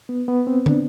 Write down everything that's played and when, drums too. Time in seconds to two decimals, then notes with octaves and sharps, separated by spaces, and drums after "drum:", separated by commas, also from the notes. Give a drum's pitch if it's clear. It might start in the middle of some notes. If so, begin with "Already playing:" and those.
0.09 B3
0.28 B3
0.47 C4
0.66 D4, drum: tom